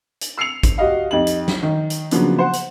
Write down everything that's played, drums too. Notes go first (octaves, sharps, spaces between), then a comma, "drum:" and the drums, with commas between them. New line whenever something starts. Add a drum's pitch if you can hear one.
drum: hi-hat
E6 C7 C#7 F7
drum: kick, hi-hat
F#4 G4 D#5 F5
F2 D#4 G4 F#7
drum: hi-hat
drum: snare
D#3
drum: hi-hat
C#3 F3 F#3 A#3 B3 D4, drum: hi-hat
C5 F#5
drum: hi-hat